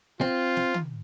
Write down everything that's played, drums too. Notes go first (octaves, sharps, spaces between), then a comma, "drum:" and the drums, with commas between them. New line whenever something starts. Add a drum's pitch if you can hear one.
C4 F4, drum: snare
drum: snare
drum: tom